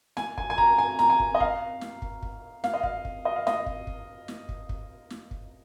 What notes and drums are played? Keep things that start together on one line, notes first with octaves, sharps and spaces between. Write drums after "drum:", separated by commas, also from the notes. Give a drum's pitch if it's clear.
G#5, drum: snare
G#5, drum: kick
G#5
A#5, drum: kick
G#5
A#5, drum: snare
G#5
drum: kick
D#5
F5, drum: kick
drum: snare
drum: kick
drum: kick
F5, drum: snare
D#5
F5, drum: kick
drum: kick
D#5
F5
D#5, drum: snare
drum: kick
drum: kick
drum: snare
drum: kick
drum: kick
drum: snare
drum: kick